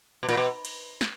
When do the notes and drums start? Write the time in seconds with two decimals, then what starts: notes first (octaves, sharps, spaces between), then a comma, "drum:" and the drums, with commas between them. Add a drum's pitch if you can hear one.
0.23 B2
0.29 A#2, drum: cymbal
0.37 B2
0.65 drum: cymbal
1.01 drum: snare